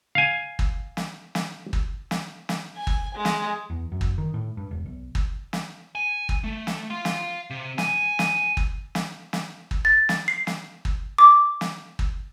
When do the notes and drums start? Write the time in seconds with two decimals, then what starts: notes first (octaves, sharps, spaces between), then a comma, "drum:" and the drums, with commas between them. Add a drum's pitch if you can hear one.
0.15 F5 G#5
0.59 drum: kick
0.97 drum: snare
1.35 drum: snare
1.73 drum: kick
2.11 drum: snare
2.49 drum: snare
2.77 G#5
2.87 drum: kick
3.14 G#3
3.25 drum: snare
3.70 E2
3.92 F#2
4.01 drum: kick
4.18 D#3
4.34 A2
4.57 G2
4.71 E1
4.86 B1
5.15 drum: kick
5.53 drum: snare
5.95 G#5
6.29 drum: kick
6.44 A3
6.67 drum: snare
6.90 F5 C6
7.05 drum: snare
7.50 C3
7.78 G#5, drum: snare
8.19 drum: snare
8.57 drum: kick
8.95 drum: snare
9.33 drum: snare
9.71 drum: kick
9.85 A6
10.09 drum: snare
10.28 C7
10.47 drum: snare
10.85 drum: kick
11.18 D6
11.61 drum: snare
11.99 drum: kick